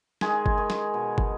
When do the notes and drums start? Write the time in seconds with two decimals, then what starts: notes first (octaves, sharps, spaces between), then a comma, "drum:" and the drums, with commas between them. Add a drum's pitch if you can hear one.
0.21 D#3 G#3 G#4, drum: snare
0.46 drum: kick
0.58 D#3
0.70 drum: snare
0.94 B2
1.18 drum: kick